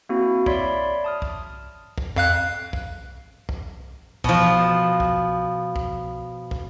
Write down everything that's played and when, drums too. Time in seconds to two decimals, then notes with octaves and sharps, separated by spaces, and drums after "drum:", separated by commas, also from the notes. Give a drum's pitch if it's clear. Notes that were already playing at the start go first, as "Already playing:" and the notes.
0.09 A#3 C4 E4 F#4
0.46 C#5 D5 E5 B5 C6, drum: kick
1.04 A5 D#6 F6
1.22 drum: kick
1.98 drum: kick
2.16 F2 F5 F#6
2.73 drum: kick
3.49 drum: kick
4.24 B2 F3, drum: kick
5.00 drum: kick
5.76 drum: kick
6.51 drum: kick